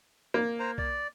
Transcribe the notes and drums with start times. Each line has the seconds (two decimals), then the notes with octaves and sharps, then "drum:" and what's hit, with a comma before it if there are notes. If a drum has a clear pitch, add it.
0.34 A#3
0.59 C5 A#5
0.78 D5, drum: kick B1